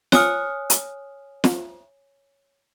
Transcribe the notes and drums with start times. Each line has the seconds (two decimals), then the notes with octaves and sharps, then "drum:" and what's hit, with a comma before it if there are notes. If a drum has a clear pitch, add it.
0.12 C#5 G#5 D#6 F6, drum: snare
0.70 drum: hi-hat
1.44 drum: snare